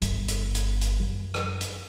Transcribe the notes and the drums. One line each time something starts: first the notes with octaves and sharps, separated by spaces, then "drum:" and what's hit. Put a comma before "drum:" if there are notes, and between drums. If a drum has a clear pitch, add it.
G1, drum: hi-hat
drum: hi-hat
drum: hi-hat
drum: hi-hat
F#2
drum: rim click
drum: hi-hat